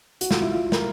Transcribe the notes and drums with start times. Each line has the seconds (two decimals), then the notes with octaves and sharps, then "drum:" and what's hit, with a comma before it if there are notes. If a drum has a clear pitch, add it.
0.21 F#4, drum: hi-hat
0.31 F4, drum: snare
0.41 E4
0.52 F4
0.72 A#4, drum: snare